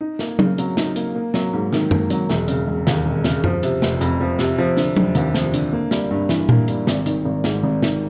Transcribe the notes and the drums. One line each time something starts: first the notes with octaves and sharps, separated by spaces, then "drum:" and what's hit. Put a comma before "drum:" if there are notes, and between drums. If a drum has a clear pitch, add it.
D#4
A#3, drum: snare
C#3, drum: tom F#3
F#3, drum: hi-hat
D#4, drum: snare
A#3, drum: hi-hat
A#3
F#3, drum: snare
G#2
D#3, drum: snare
A#3, drum: tom F#2
F#3, drum: hi-hat
E1, drum: snare
C#3, drum: hi-hat
E1
D#2, drum: snare
E1
C#3, drum: snare
F3, drum: tom F#2
C3, drum: hi-hat
F1, drum: snare
F2, drum: hi-hat
F3
C3, drum: snare
F3
D3, drum: snare
F1, drum: tom F#3
D#2, drum: hi-hat
F3, drum: snare
D3, drum: hi-hat
A#3
G3, drum: snare
G2
E3, drum: snare
A#3, drum: tom A#2
G3, drum: hi-hat
G#1, drum: snare
D#3, drum: hi-hat
G#1
G#2, drum: snare
G#1
D#3, drum: snare